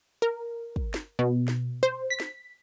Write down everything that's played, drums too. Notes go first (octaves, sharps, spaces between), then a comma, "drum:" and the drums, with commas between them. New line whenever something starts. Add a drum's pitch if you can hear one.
A#4
drum: kick
drum: snare
B2
drum: snare
C5
B6
drum: snare